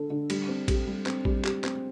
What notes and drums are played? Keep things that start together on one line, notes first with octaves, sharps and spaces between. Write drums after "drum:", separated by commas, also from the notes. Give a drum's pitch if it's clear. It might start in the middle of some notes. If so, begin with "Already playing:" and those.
Already playing: D3 A4
D3
G3, drum: cymbal
C4
G4, drum: kick A1, cymbal
G3
C4, drum: clap
G3, drum: kick A1
G4, drum: clap
C4, drum: clap